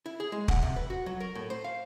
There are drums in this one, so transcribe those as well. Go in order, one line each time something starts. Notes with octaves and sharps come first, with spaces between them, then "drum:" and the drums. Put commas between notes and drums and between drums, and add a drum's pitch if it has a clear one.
E4
G#4
G#3
F#5, drum: kick
C3
B4
F#4
F#3
A#4
A2
C5
F5